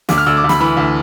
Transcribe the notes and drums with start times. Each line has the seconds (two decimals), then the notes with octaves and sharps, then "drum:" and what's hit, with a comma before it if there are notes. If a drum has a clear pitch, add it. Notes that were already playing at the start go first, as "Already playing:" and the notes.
0.09 D2 D6, drum: snare
0.18 F6
0.26 D2 E6
0.37 D6
0.44 D2
0.49 B5, drum: snare
0.60 E3 B5
0.77 D2